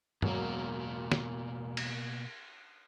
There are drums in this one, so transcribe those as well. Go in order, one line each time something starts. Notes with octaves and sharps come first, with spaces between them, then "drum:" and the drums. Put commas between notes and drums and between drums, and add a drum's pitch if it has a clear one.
E1 B2 F#3 A#3, drum: tom
drum: snare
drum: cymbal